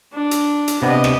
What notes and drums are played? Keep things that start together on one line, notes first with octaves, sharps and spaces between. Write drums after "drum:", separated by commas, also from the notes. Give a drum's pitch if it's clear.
D4
drum: hi-hat
drum: hi-hat
C3 B3 D4 G4 D#5
drum: rim click